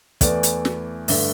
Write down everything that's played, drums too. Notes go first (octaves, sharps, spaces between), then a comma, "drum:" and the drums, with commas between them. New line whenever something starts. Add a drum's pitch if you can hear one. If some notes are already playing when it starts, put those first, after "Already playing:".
E2 E3 A3 D5, drum: kick, hi-hat
drum: hi-hat
drum: snare
G2 D3 A3 E5, drum: open hi-hat